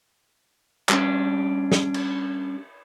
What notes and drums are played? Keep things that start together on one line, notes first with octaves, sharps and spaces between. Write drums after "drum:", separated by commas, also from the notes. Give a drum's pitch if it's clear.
G3 C#4 D4, drum: clap
drum: snare
drum: cymbal